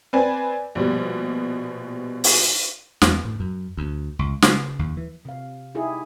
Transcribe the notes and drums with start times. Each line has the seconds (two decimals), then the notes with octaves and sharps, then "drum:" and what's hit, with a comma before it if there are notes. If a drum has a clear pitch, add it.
0.13 C4 B4 D5 G#5
0.75 A#1 B2 G3
2.24 drum: open hi-hat
3.02 E2, drum: snare
3.25 A2
3.40 F#2
3.77 D2
4.19 C#2
4.42 C#3, drum: snare
4.79 D#2
4.97 E3
5.25 C3 F5
5.75 D#4 E4 G4 G#4